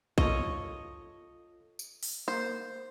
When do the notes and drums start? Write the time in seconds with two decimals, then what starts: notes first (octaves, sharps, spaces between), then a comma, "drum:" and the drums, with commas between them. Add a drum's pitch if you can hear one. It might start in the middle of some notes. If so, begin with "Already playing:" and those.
0.18 F4 A4 C#5 D#5, drum: kick
1.79 drum: tambourine
2.03 drum: open hi-hat
2.28 A#3 C5